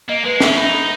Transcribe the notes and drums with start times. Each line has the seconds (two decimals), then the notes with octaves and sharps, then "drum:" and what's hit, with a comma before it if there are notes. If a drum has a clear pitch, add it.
0.09 A#3 D#5
0.25 G#3 B4
0.40 C#4 E5, drum: snare
0.57 D#4 B5
0.73 D#6